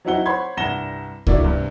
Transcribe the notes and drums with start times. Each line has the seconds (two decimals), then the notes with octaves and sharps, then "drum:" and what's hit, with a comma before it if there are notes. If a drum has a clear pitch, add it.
0.05 F#3 C4 D#4 E4 F#5 G7
0.26 C5 C#5 F#5 B5 C6 G#6
0.57 C2 G2 F#5 A#6 E7 G7
1.27 D3 A#3 E4 F#4 D5, drum: kick C#2
1.44 G2 C3